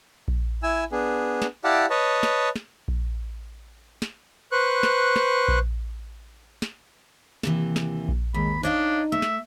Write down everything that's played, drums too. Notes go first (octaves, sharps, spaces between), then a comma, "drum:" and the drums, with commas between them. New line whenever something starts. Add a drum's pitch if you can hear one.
drum: kick A#1
E4 G#5 E6
B3 D4 G#4
drum: snare
E4 G4 D5 F5 F#5 A5
B4 C#5 D#5 A5
drum: snare
drum: snare
drum: kick A#1
drum: snare
B4 C5 C#6 F#6
drum: snare
drum: snare
drum: kick A#1
drum: snare
D#2 C3 E3, drum: snare
drum: snare
drum: kick A#1
D#2 G#3 B5
D4 D#4 C#5 D#5 F5
A3 E5
drum: snare